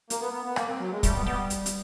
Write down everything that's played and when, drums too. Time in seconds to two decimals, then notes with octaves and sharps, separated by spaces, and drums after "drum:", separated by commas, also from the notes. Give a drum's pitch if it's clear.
0.10 A#3, drum: hi-hat
0.21 B3
0.33 B3
0.45 B3
0.56 A#3, drum: rim click
0.68 C4
0.80 F#3
0.92 G#3
1.03 G3 A3, drum: kick, hi-hat
1.15 B3
1.26 G3 B3
1.50 drum: hi-hat
1.66 drum: hi-hat